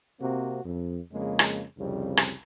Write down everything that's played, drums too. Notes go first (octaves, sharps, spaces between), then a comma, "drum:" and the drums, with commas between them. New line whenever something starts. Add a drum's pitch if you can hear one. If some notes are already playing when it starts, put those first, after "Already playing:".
C3 A#3 C4 F#4
F2
F2 C#3 G#3 A#3
drum: rim click
C2 F2 C#3 G3
drum: rim click